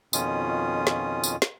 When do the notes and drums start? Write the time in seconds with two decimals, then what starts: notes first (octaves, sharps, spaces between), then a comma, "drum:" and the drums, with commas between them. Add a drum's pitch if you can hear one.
0.13 F2 B2 D#3 C#4 F4 D#6, drum: tambourine
0.87 drum: snare
1.24 drum: tambourine
1.42 drum: snare